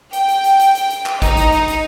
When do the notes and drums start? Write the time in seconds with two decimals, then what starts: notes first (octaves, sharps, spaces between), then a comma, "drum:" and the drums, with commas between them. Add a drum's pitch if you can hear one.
0.13 G5, drum: hi-hat
0.28 drum: hi-hat
0.44 drum: hi-hat
0.59 drum: hi-hat
0.75 drum: hi-hat
0.90 drum: hi-hat
1.06 drum: clap
1.22 D#4, drum: kick, hi-hat
1.37 drum: hi-hat
1.52 drum: hi-hat
1.68 drum: hi-hat